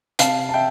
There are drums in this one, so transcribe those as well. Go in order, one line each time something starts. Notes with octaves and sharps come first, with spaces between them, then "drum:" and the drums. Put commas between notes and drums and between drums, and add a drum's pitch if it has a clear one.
C3 F5 A5, drum: hi-hat
A5
E5 G5